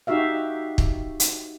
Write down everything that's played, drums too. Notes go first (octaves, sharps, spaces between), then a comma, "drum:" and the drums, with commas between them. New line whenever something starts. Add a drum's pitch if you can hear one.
D#4 F#4 G4 E5 F5
drum: kick
drum: hi-hat